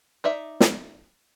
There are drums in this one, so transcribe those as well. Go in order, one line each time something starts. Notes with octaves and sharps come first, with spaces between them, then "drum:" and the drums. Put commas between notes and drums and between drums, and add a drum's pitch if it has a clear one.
D#4 D5 E5
drum: snare